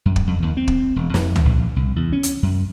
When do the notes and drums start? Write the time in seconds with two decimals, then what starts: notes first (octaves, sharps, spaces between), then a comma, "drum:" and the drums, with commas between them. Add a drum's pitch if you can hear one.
0.05 F#2
0.16 drum: kick
0.27 F2
0.42 D#2
0.57 C4
0.68 drum: kick
0.96 E1
1.14 F2, drum: snare
1.36 drum: tom C#2
1.45 A#1
1.76 C2
1.96 E2
2.12 C#4
2.23 drum: hi-hat
2.43 F#2